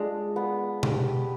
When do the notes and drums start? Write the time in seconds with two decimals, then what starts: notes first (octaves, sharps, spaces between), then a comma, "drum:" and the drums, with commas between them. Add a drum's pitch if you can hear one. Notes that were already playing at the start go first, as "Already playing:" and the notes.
Already playing: G#3 D4 F4
0.36 B3
0.83 G4, drum: tom B2